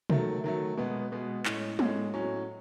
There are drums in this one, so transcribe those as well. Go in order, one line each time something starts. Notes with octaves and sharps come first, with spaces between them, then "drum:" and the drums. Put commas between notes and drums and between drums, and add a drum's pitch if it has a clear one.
D#3 F#3 A3, drum: tom
D#3 F#3 A3
B2 G#3 B3
B2 G#3 B3
A2 G#3 C#4, drum: clap
A2 G#3 C#4, drum: tom
A2 F#3 C#4